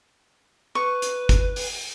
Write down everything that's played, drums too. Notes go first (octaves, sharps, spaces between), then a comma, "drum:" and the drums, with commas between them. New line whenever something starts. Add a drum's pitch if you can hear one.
B4 C#6
drum: hi-hat
drum: kick G1, hi-hat
drum: open hi-hat